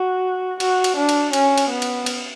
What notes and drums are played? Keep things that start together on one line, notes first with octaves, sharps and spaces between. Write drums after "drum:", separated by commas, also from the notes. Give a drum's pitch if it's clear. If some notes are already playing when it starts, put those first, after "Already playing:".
Already playing: F#4
F#4, drum: cymbal
drum: cymbal
D4
drum: cymbal
C#4, drum: cymbal
drum: cymbal
B3
drum: cymbal
drum: cymbal